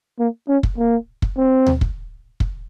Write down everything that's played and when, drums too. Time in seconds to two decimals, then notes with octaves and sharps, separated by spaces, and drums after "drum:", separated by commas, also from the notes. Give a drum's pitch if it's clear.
0.19 A#3
0.48 C#4
0.63 drum: kick
0.78 A#3
1.22 drum: kick
1.37 C4
1.66 drum: tom D2
1.81 drum: kick
2.40 drum: kick